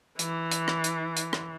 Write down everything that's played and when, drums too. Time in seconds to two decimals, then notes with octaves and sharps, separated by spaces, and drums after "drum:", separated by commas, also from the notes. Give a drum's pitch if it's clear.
0.19 E3, drum: hi-hat
0.51 drum: hi-hat
0.68 drum: rim click
0.84 drum: hi-hat
1.17 drum: hi-hat
1.33 drum: rim click